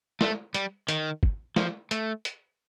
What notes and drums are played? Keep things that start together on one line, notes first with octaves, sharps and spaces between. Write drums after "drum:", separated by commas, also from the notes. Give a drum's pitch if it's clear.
A3, drum: snare
G3, drum: hi-hat
D#3, drum: hi-hat
drum: kick
F3, drum: snare
A3, drum: hi-hat
drum: hi-hat